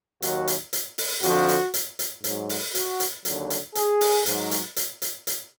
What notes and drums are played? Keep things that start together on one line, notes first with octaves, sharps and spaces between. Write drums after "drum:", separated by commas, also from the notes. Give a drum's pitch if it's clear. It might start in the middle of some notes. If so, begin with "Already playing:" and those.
D#2 D#3 F#3 F#4, drum: hi-hat
drum: hi-hat
drum: hi-hat
drum: open hi-hat
F2 D3 F3 F#4, drum: hi-hat
drum: hi-hat
drum: hi-hat
drum: hi-hat
G#2 F#3, drum: hi-hat
drum: open hi-hat
F#4, drum: hi-hat
drum: hi-hat
D#2 D3 F#3, drum: hi-hat
drum: hi-hat
G#4, drum: hi-hat
drum: open hi-hat
G#2 F#3, drum: hi-hat
drum: hi-hat
drum: hi-hat
drum: hi-hat
drum: hi-hat